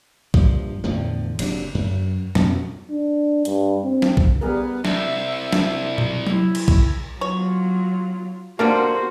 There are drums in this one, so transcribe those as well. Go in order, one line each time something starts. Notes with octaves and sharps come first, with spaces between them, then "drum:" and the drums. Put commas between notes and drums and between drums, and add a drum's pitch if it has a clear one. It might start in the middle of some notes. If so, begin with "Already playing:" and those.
A#1 G2 F3, drum: kick A#1
E2 A2 D3 F3
F#1 C3 F#3 D4, drum: cymbal
F#2
F2 B2 C#4, drum: snare
D4
G2, drum: hi-hat
C4
drum: snare
drum: kick A#1
G3 B3 G#4 A#4
C2 E5, drum: snare
drum: snare
drum: tom A#2
E4, drum: tom F#3
drum: cymbal
drum: kick A#1
F#3 F4 C#5
D3 G3 A#3 D4 F#4 C5